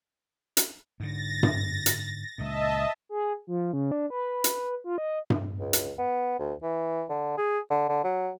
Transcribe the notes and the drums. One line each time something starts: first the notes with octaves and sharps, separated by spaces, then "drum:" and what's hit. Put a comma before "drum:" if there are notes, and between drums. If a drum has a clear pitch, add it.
drum: hi-hat
G#2 D3 A6 A#6
drum: tom G2
drum: hi-hat
C#2 A#2 D#5 E5 A5
G#4
F3
C#3
D4
B4
drum: hi-hat
F4
D#5
drum: tom G2
C#2
drum: hi-hat
B3
D2
E3
D3
G#4
D3
D3
F#3